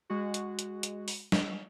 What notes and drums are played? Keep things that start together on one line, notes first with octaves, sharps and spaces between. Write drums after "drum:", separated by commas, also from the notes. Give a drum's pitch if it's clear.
G#3 F#4
drum: hi-hat
drum: hi-hat
drum: hi-hat
drum: open hi-hat
drum: snare